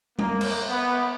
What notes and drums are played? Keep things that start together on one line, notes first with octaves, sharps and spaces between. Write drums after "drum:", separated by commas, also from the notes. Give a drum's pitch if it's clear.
A#3, drum: tom G3
drum: cymbal
B3